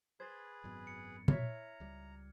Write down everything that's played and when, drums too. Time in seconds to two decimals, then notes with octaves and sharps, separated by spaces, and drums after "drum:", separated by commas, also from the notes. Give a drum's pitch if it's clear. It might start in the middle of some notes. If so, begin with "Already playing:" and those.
0.20 G#4 B4 C5 B5 G#6 A6
0.64 G#1 F#2 B2
0.87 C#7
1.28 E4 C#5 E5 A#5 F6 G#6, drum: tom A#2
1.80 C#2 G3